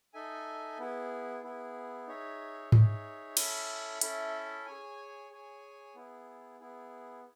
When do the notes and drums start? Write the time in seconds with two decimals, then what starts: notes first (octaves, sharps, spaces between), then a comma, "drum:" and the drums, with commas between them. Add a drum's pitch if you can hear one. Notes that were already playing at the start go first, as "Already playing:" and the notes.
0.14 D#4 A4 E5 G#5
0.79 B3 E4 G#4
1.43 B3 E4 G#4
2.07 D#4 G#4 C#5 E5
2.72 D#4 G#4 C#5 E5, drum: tom G#2
3.37 C#4 E4 A4 E5, drum: cymbal
4.01 C#4 E4 A4 E5, drum: hi-hat
4.66 G#4 C#5 G#5
5.30 G#4 C#5 G#5
5.95 B3 E4 G#4
6.60 B3 E4 G#4